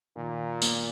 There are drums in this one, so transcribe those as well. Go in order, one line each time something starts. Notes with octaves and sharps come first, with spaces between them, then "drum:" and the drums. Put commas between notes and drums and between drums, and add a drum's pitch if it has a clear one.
A#2 D#3
A#3, drum: tambourine